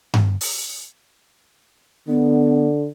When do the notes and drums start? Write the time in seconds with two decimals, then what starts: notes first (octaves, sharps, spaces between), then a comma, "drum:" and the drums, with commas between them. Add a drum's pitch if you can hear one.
0.14 drum: tom G2
0.41 drum: open hi-hat
2.08 D3 B3